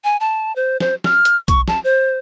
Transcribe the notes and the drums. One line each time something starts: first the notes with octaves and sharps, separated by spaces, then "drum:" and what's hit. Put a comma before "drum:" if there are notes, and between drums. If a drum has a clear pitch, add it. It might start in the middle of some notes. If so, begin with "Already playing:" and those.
G#5
A5
C5
C5, drum: snare
F6, drum: snare
drum: hi-hat
C#6, drum: kick B1, hi-hat
A5, drum: snare
C5